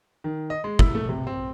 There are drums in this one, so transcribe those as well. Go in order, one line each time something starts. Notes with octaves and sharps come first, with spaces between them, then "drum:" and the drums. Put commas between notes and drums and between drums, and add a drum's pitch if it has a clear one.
D#3
D#5
G#3
E4, drum: kick
A3
C3
C4